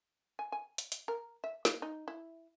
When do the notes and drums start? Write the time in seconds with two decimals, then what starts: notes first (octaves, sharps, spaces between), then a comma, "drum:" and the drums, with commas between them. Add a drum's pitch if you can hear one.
0.39 G#5
0.52 G#5
0.78 drum: hi-hat
0.92 drum: hi-hat
1.08 A#4
1.44 E5
1.65 A#3, drum: snare
1.82 D#4
2.08 E4